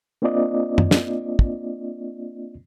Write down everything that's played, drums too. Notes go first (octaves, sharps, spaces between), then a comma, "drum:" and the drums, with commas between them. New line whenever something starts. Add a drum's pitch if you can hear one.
A#3 C4 D4 F4 D5 D#5
drum: tom F#2
drum: snare
drum: kick